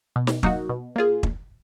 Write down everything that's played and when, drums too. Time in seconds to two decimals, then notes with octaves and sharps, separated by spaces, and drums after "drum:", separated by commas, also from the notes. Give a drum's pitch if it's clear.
0.16 B2
0.27 drum: snare
0.43 F#3 A#3 D#4 F#4, drum: kick
0.69 B2
0.96 A#3 F4 G#4
1.23 A#1, drum: kick